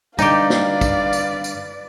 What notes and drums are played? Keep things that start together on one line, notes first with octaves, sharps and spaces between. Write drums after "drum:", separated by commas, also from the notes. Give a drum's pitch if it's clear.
G2 D3 D#4 G4 B4 D5 F5, drum: tambourine
drum: snare
drum: kick, tambourine
drum: tambourine
drum: tambourine